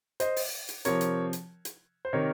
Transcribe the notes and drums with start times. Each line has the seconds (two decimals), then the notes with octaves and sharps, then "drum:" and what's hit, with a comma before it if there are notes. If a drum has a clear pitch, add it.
0.20 C5 D#5, drum: hi-hat
0.36 drum: open hi-hat
0.69 drum: hi-hat
0.85 C3 F3 A#4 C#5, drum: hi-hat
1.01 drum: hi-hat
1.33 drum: hi-hat
1.65 drum: hi-hat
2.05 C5
2.13 C3 D#3 A#4 C#5